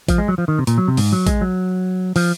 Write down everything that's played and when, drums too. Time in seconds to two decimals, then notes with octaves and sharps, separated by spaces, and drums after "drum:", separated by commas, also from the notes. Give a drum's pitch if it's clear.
0.08 F3, drum: kick, hi-hat
0.18 G#3
0.28 F#3
0.38 F3
0.48 D#3
0.59 C3
0.67 A#2, drum: hi-hat
0.78 F#3
0.88 C3
0.97 G#2, drum: open hi-hat
1.12 F#3
1.27 G#3, drum: kick, hi-hat
1.41 F#3
2.16 F3, drum: open hi-hat